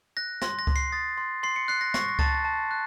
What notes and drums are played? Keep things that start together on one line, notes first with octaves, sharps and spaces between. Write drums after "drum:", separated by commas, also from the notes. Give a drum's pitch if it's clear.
F#6 A#6
C6 A#6, drum: snare
A#6
C6, drum: kick C#2
C7
D#6 A6
C6
C6 C7
C#7
F#6 C7
A#6
C#6 A#6, drum: snare
A#6
A5 A6, drum: kick C#2
A5
F#6